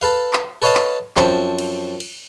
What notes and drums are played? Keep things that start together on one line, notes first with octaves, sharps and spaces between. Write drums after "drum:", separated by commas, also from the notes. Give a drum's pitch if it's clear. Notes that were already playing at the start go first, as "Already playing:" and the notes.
A4 B4 F5
drum: clap
A4 B4 C#5 D#5 F5 A5
drum: clap
F#2 F3 C4 A4, drum: clap
drum: cymbal
drum: cymbal